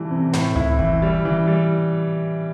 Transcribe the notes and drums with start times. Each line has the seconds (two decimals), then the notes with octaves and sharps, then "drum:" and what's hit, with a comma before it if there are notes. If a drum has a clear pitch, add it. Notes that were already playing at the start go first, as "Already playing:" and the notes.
Already playing: E3 G3 A3
0.11 C3
0.33 A2, drum: snare
0.56 E4, drum: tom C#2
0.79 E3, drum: kick F#1
1.02 G3
1.25 E3
1.47 G3